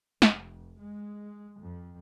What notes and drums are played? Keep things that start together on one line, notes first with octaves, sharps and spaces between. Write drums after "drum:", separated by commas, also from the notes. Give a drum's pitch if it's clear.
F1, drum: snare
G#3
F2